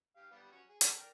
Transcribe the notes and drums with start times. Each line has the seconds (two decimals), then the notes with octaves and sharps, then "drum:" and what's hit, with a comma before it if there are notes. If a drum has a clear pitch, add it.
0.16 G4 F5
0.31 G3 B3
0.52 C#4 F#4 C#5
0.69 G#4
0.81 A4 A#5, drum: hi-hat
0.97 A#4 D5 G5